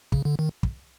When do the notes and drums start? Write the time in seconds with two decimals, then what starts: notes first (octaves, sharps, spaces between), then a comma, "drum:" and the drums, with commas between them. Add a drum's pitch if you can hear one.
0.12 C#3, drum: kick
0.25 D3
0.39 D#3
0.63 drum: kick